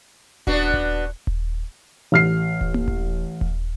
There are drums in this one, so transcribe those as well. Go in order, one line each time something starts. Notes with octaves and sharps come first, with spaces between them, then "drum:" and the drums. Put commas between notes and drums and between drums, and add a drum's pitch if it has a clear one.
B3 D4 F#4, drum: kick D#1
drum: kick D#1
drum: kick D#1
A1 F6 C7
drum: kick D#1
drum: tom A#3
drum: kick D#1
drum: kick D#1